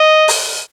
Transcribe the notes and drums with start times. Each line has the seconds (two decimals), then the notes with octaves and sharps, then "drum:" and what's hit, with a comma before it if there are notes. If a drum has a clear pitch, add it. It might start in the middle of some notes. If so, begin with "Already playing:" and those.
Already playing: D#5
0.28 drum: open hi-hat